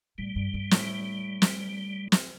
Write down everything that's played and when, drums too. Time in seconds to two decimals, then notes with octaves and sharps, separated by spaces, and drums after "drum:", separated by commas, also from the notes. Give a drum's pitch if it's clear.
0.18 A2 G3
0.36 G2
0.54 G2
0.71 A2, drum: snare
1.42 drum: snare
2.12 drum: snare